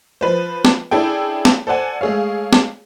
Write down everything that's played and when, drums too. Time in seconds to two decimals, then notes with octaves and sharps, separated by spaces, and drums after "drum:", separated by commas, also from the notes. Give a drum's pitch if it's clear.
0.21 F3 B4 C5
0.65 drum: snare
0.91 C#4 D4 E4 G#4 A4 G5
1.45 drum: snare
1.67 A4 C5 D5 F#5 G#5
2.01 G#3 A3 G#4 C#5 F5
2.53 drum: snare